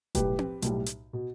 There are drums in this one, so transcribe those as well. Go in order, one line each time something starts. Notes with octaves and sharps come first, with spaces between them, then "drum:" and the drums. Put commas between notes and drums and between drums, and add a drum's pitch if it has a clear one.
B1 A2 G3 G4 B4, drum: kick F1, hi-hat
drum: tom C4
B1 A2 G3, drum: hi-hat
drum: hi-hat
B2